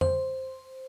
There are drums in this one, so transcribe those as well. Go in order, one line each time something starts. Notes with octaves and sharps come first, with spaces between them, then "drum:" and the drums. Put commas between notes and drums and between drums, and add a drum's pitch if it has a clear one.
C5, drum: tom F2